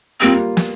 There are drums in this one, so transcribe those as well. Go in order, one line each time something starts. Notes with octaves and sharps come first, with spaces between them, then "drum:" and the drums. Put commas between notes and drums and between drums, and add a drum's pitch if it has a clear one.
G3 A#3 C4 F4
drum: snare